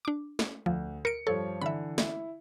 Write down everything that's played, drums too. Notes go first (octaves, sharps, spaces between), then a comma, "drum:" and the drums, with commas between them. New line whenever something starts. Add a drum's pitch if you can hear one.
D4 D6
drum: snare
D2 F3
A#4 C#7 D7
G2 F3 A4 C#5
D3 E3 E5 B5
E4, drum: snare